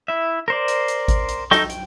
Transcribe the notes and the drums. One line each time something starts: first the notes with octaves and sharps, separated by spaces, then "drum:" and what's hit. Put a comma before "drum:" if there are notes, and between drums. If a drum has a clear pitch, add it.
E4 E5
A#4 C5 D5
drum: hi-hat
drum: hi-hat
drum: kick G#1, hi-hat
drum: hi-hat
D#4 A4 D#5 G5 C#6, drum: snare
G5, drum: hi-hat